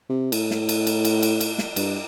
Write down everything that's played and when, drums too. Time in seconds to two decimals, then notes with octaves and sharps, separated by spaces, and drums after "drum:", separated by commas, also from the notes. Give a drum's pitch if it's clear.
0.09 C3
0.32 A2, drum: cymbal
0.51 drum: snare
0.69 drum: cymbal
0.87 drum: cymbal
1.05 drum: cymbal
1.23 drum: cymbal
1.41 drum: cymbal
1.58 drum: snare
1.76 G2, drum: cymbal